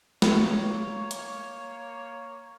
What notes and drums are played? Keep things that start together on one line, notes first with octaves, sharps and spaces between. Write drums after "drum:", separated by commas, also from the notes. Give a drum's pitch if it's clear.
A#3 C#5, drum: snare
drum: hi-hat